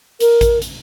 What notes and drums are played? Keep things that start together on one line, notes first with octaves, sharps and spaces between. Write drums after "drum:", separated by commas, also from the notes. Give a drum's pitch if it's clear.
A#4, drum: hi-hat
drum: kick A1, hi-hat
drum: hi-hat